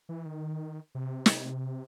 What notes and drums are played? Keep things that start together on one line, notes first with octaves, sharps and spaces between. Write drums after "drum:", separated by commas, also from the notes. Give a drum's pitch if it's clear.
E3
D#3
C3
drum: snare